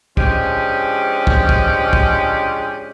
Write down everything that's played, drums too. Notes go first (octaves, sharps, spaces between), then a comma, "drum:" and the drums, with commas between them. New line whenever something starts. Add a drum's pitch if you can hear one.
F3 G#3 C#4 D4 G4, drum: kick
drum: kick
drum: kick
drum: kick